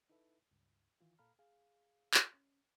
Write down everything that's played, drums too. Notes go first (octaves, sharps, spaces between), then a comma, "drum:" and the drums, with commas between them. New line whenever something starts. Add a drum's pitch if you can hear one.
D#4 E4 A4 B4 E5
C#2 G2
D#3 E3 F4
A#2 A4 F5 A#5 B5 F6
G#4 F5
drum: clap
C#4